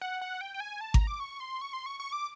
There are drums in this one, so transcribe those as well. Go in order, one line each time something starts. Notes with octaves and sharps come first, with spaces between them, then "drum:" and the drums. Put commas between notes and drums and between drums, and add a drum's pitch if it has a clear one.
F#5
F#5
G5
G5
G#5
A5
A#5, drum: kick G#1
D6
C#6
C6
C#6
C6
C#6
C#6
D6